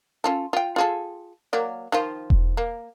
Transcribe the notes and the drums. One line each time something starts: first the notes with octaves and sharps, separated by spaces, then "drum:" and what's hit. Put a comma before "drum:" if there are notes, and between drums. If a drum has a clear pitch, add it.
C#4 F4 A4
F4 G5
F4 G#4 A4
F#3 A#3 D5
D#3 F3 F4
drum: kick E1
A#3